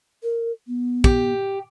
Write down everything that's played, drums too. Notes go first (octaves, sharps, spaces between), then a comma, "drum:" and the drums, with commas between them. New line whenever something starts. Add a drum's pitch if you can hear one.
A#4
B3
G4, drum: kick